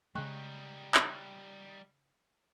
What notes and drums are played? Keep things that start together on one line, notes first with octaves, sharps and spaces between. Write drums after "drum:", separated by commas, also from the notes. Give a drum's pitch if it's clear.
C#3 G3 G#3 D#4 G5 C#6 F#6
drum: clap